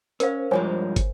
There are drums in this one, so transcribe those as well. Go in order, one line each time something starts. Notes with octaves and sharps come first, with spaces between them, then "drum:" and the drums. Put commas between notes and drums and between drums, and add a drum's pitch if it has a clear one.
C#4 A#4 C5 F5, drum: hi-hat
G2 F3 G#3 C5 C#5 G#5
drum: kick, hi-hat